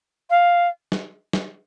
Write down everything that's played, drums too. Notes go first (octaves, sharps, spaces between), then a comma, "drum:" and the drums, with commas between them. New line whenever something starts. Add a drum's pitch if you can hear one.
F5
drum: snare
drum: snare